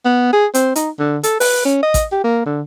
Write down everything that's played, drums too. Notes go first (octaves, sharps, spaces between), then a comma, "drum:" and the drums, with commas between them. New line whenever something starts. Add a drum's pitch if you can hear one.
B3
G#4
C4, drum: hi-hat
D#4, drum: hi-hat
D3
A4, drum: hi-hat
B4, drum: open hi-hat
C#4
D#5
drum: kick A1, hi-hat
G4
A#3
D3